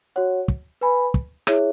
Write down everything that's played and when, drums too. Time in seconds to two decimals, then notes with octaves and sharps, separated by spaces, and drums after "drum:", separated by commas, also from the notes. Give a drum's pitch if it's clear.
0.16 F#4 C#5 F#5
0.48 drum: kick
0.81 B4 G#5 B5
1.14 drum: kick
1.47 E4 G#4 C#5 E5, drum: rim click